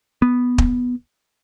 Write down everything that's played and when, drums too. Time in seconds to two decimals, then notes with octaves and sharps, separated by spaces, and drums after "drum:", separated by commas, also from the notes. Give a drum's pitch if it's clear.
0.22 B3
0.58 drum: kick